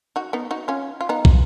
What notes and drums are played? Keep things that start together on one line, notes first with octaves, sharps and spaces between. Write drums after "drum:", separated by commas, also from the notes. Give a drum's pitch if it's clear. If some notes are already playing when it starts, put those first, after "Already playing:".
D#4 F#4
B3 D#4
D#4 F#4
C#4 F4
F4
B3 D#4
drum: kick